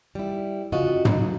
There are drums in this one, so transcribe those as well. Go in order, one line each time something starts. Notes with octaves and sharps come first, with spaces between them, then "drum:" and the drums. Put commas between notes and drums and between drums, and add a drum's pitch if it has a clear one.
G3 E4
C#3 F4 F#4 B4 D#5
F#3, drum: tom